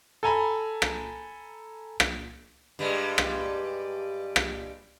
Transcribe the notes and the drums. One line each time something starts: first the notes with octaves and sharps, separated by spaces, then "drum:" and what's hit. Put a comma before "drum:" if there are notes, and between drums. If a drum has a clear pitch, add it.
A4 G#5 A#5 B5
drum: rim click
drum: rim click
G2 G3 G#3
drum: rim click
drum: rim click